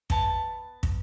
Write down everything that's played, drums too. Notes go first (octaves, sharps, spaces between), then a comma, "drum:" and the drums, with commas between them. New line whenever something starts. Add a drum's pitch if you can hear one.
B3 A5, drum: kick
drum: kick